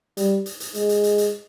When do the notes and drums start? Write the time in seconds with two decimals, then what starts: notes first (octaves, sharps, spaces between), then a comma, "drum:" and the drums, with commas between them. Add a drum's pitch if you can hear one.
0.17 G3, drum: hi-hat
0.46 drum: hi-hat
0.60 drum: hi-hat
0.74 G#3, drum: hi-hat
0.89 drum: hi-hat
1.04 drum: hi-hat
1.18 drum: hi-hat